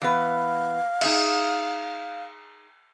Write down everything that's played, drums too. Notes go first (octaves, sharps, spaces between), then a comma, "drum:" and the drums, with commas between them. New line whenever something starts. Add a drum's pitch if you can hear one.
E3 B3 B4 F5
D#4 G#4 E5, drum: cymbal